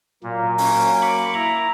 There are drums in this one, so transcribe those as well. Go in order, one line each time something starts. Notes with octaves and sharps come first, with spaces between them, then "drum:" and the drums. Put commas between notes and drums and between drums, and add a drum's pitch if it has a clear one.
A#2 F#3 A#3
C#4, drum: open hi-hat
B5 C#6 D6
E4 A#5